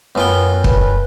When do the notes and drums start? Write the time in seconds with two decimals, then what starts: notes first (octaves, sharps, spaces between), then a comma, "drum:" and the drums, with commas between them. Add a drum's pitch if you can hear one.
0.15 F#2 B3 F4 G5
0.64 B4, drum: kick